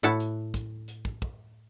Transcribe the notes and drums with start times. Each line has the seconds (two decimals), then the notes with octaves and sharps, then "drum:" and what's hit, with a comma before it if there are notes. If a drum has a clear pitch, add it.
0.03 A2 E4 A4 F#5 A5
0.20 drum: hi-hat
0.54 drum: kick, hi-hat
0.88 drum: hi-hat
1.05 drum: kick
1.22 drum: kick